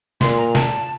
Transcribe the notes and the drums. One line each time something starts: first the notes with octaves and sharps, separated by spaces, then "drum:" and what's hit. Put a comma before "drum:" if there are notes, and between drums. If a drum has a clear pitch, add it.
A#2 C6, drum: snare
A#5
A5, drum: snare